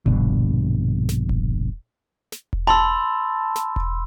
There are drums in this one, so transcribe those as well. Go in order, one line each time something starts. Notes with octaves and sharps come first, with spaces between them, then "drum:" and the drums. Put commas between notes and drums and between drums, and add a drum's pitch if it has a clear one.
A#1 G2 B2 D3, drum: kick E1
drum: snare
drum: kick E1
drum: snare
drum: kick E1
A5 B5 C6 E6
drum: snare
drum: kick E1